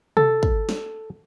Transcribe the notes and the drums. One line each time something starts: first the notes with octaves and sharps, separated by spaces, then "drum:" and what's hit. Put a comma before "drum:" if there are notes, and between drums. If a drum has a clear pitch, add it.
A4, drum: tom C3
drum: kick
drum: snare